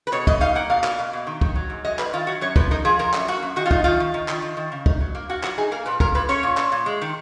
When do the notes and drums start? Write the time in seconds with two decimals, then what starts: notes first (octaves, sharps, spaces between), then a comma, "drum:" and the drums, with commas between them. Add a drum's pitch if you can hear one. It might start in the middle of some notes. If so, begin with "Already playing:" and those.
0.07 B4
0.12 B2 C#5
0.27 B2 D#5, drum: kick
0.41 D#4 F5
0.55 A#3 F#5
0.70 B2 F5
0.84 A#3, drum: clap
0.99 B2
1.13 B2
1.27 D#3
1.41 D#3, drum: kick
1.55 F#3
1.70 G#2
1.85 F#3 D#5
1.99 G#2 B4, drum: clap
2.13 D#3 F4
2.27 F#3 F#4
2.41 F#2 C#5
2.56 F3 B4, drum: kick
2.71 D#4 A#4
2.85 F3 G#4
2.99 F3 A#4
3.14 F#2, drum: clap
3.28 A#3 F#4
3.42 F#2
3.56 D#3 F#4
3.66 F4
3.71 D#4, drum: kick
3.84 D#3 F4
4.00 D#3
4.14 D#3
4.28 D#3, drum: clap
4.42 D#3
4.57 D#3
4.72 C#3
4.86 D#4, drum: kick
5.00 F#3
5.15 A#3
5.29 A#3 F#4
5.44 F#3 F#4, drum: clap
5.58 D#4 G#4
5.71 A#3 A#4
5.86 A#2 B4
6.00 A#2 A#4, drum: kick
6.15 A#2 B4
6.29 C#4 C#5
6.43 A#2
6.57 A#2, drum: clap
6.72 A#2
6.86 G#3
7.02 D#3